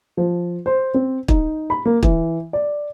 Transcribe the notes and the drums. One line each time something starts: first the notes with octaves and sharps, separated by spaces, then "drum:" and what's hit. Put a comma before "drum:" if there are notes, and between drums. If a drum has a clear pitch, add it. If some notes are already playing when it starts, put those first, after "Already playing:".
F3
C5
C4
D#4, drum: kick
B5
A#3
E3, drum: kick
D5